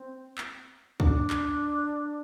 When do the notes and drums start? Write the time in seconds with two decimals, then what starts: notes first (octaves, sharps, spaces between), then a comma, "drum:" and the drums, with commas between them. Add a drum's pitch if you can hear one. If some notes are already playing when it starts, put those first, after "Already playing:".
Already playing: C4
0.38 drum: clap
1.00 D4, drum: kick
1.30 drum: clap